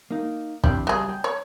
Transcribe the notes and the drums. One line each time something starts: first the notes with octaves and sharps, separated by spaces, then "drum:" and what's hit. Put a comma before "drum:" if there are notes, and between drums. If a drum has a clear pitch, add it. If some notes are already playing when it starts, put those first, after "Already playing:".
A#3 D#4
E3 G3 C4 D4, drum: kick
C#2 F#3 G3 G#4
G5
C#5